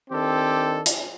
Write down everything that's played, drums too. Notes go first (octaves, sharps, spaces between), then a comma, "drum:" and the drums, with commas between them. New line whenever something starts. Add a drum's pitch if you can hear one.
D#3 C4 D4 G4 A4
drum: hi-hat